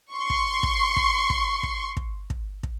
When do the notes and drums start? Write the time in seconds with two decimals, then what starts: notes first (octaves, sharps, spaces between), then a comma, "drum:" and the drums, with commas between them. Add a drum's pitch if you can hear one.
0.13 C6 C#6
0.30 drum: kick
0.63 drum: kick
0.97 drum: kick
1.30 drum: kick
1.63 drum: kick
1.97 drum: kick
2.30 drum: kick
2.63 drum: kick